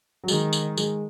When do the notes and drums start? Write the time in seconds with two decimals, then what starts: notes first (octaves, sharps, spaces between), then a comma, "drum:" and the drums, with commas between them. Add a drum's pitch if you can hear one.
0.24 F#3
0.28 D#3 G#3, drum: tambourine
0.53 drum: tambourine
0.77 G#3, drum: tambourine